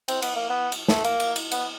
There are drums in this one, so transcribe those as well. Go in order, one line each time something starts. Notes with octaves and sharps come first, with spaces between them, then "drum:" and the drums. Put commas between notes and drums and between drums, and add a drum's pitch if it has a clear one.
C4, drum: cymbal
B3, drum: cymbal
A#3
B3
drum: cymbal
A3, drum: snare
A#3, drum: cymbal
drum: cymbal
drum: cymbal
B3, drum: cymbal